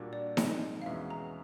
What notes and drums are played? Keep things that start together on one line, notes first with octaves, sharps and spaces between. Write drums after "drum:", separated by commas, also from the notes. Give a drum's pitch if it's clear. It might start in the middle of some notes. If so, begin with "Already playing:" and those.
Already playing: A#2 G3 A#3 D4 F#4
D5
G#2 F3 G#3 C4 D#5, drum: snare D#4
F5
E2 B2 G#3 C#4 F#4 E5
A#5